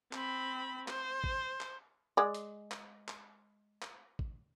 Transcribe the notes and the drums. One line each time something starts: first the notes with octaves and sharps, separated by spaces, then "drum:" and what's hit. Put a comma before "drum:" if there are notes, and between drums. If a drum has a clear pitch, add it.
C4 B5, drum: clap
C5, drum: clap
drum: kick A1
drum: clap
G#3 D5
drum: hi-hat
drum: clap
drum: clap
drum: clap
drum: kick A1